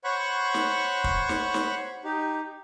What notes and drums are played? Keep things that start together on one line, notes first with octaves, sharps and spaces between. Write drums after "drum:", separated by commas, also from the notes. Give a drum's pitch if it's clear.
C5 C#5 F#5 B5 C#6 F#6
drum: snare
drum: kick
drum: snare
drum: snare
D#4 G4